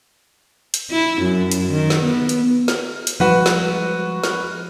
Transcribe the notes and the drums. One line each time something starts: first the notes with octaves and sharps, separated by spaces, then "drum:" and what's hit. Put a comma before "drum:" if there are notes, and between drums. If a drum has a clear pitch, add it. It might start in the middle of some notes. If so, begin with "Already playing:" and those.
drum: hi-hat
E4
F#2
drum: hi-hat
D#3
drum: snare
B3
drum: hi-hat
drum: snare
drum: hi-hat
F3 G3 G#3 F#4 B4
drum: snare
drum: snare